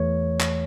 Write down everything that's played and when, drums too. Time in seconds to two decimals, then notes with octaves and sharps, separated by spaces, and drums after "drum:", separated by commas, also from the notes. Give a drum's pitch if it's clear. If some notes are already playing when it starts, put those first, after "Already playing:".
Already playing: E2 E3 A3 C#5
0.40 drum: clap